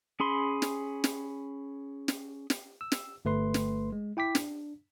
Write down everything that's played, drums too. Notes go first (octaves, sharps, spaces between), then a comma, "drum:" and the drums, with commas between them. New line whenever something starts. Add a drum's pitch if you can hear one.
C#4 G#4 B5 C6
drum: snare
drum: snare
drum: snare
drum: snare
E6
drum: snare
G1 A3 B4 C6
drum: snare
G#3
E4 G5 D6 B6
D4, drum: snare